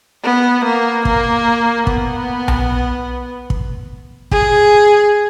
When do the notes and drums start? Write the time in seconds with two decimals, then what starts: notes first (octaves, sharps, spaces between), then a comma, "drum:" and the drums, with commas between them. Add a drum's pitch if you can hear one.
0.24 B3
0.64 A#3
1.05 A#3, drum: kick
1.87 B3, drum: kick
2.48 drum: tom B1
3.50 drum: kick
4.31 G#4, drum: kick